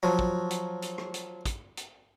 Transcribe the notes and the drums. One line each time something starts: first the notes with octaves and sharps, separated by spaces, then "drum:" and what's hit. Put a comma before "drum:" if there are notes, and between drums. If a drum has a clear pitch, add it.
F3 F#3
drum: kick
drum: hi-hat
drum: hi-hat
drum: rim click
drum: hi-hat
drum: kick, hi-hat
drum: hi-hat